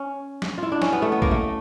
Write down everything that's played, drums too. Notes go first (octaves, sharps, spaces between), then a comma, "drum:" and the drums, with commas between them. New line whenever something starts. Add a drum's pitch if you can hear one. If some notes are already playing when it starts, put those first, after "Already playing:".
Already playing: C#4
drum: snare
E4 F4
D4
C#4, drum: snare
B3
A3
B3
A#3, drum: kick
A3